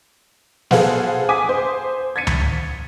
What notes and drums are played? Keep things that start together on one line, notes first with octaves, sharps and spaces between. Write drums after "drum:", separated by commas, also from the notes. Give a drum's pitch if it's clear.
G#4 A4 B4 C5 F5 F#5, drum: snare
G#5 D6 D#6 B6
C5
G#6 A6 B6 C#7 D#7
drum: tom C#2